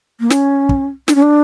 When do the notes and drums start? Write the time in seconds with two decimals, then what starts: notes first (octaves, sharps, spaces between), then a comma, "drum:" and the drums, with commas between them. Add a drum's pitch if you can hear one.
0.20 A#3
0.30 C#4, drum: snare
0.69 drum: kick
1.08 D4, drum: snare
1.15 C#4
1.23 D4